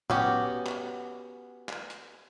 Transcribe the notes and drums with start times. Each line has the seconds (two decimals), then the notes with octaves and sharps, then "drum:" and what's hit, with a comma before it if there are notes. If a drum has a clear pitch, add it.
0.10 B3 C#4 F#4 G4, drum: tom A2
0.66 drum: clap
1.69 drum: clap
1.90 drum: hi-hat